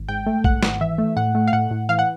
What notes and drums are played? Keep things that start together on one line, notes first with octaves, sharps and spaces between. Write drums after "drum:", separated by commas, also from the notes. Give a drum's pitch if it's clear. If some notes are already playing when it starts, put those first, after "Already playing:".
Already playing: G#1
G#2 G5
A3
G#2 F#5, drum: kick B1
G#1, drum: snare
E3 E5
A3
A2 F#5
A3
F5
A2 F#5
A2
E3 F5
F#5